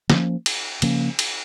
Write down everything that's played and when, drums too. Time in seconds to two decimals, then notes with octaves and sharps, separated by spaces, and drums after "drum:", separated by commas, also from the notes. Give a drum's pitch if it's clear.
0.10 F3 A#3 C#4, drum: snare
0.46 drum: cymbal
0.82 C#3 F3 A#3 C#4, drum: cymbal
1.19 drum: cymbal